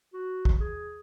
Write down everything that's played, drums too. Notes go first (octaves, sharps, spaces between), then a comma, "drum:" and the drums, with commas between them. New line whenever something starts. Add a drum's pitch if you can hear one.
F#4
drum: kick
G#4